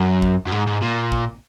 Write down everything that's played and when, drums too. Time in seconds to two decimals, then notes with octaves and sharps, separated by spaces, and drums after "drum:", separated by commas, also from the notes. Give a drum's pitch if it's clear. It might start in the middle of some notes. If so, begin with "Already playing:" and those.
Already playing: F#2
0.22 drum: kick A1
0.46 F#2
0.52 G#2
0.67 G#2
0.82 A#2
1.12 drum: kick A1